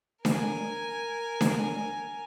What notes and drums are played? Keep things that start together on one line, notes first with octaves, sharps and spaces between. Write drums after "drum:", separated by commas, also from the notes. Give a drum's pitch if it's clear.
A#4 G#5, drum: snare D4
drum: snare D4